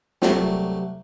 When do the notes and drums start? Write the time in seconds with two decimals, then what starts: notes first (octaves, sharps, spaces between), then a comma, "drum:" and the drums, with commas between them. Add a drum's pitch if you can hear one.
0.22 C2 F#3 A3 D5, drum: snare